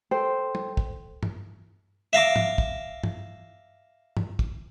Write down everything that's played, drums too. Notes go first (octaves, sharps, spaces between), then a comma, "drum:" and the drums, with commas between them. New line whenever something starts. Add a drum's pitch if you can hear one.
A4 C5 G5
drum: tom
drum: kick
drum: tom G2
E5 F5 A#5 D6
drum: tom
drum: kick
drum: tom G2
drum: tom G2
drum: kick